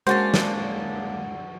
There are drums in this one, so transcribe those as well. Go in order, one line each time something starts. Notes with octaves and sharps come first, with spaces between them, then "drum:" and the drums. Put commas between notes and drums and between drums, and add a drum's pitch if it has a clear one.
G#3 A#3 C#4 D4 F#4 C5 A5
drum: snare